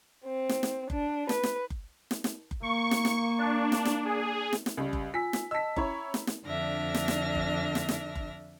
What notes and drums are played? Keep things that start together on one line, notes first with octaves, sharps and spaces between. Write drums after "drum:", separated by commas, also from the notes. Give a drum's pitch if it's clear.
C4
drum: snare
drum: snare
D4, drum: kick F#1
B4, drum: snare
drum: snare
drum: kick F#1
drum: snare
drum: snare
drum: kick F#1
A#3 C#6
drum: snare
drum: snare
D4
drum: snare
drum: snare
G#4
drum: snare
drum: snare
C#2 G3
drum: kick F#1
F4 G#5 E6 B6
drum: snare
D#5 A5 E6 B6
C#4 E4 C#5 A#5 B5, drum: kick F#1
drum: snare
drum: snare
F2 D3 D4 E5 F6 A#6
drum: snare
drum: snare
drum: kick F#1
drum: snare
drum: snare
drum: kick F#1